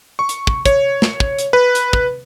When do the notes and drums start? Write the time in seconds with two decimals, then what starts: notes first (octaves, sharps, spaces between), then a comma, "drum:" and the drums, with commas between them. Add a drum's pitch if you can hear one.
0.19 C#6
0.29 drum: hi-hat
0.47 drum: kick
0.66 C#5, drum: kick, hi-hat
1.02 drum: snare
1.20 drum: kick
1.39 drum: hi-hat
1.53 B4
1.75 drum: hi-hat
1.93 drum: kick